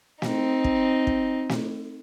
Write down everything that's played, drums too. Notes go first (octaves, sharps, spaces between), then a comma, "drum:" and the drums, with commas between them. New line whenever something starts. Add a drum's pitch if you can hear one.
C4 D#4, drum: snare
drum: kick
drum: kick
drum: snare